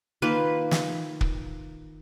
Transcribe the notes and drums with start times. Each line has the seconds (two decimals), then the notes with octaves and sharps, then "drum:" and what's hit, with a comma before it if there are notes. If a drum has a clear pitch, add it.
0.22 D#3 A#3 F4 B4
0.71 drum: snare
1.21 drum: kick